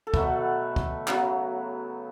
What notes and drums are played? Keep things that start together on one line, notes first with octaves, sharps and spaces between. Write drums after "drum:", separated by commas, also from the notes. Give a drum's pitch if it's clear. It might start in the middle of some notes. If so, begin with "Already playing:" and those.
A4
B2 F#3 A3 B4, drum: kick
drum: kick
C#3 F#3 B3, drum: clap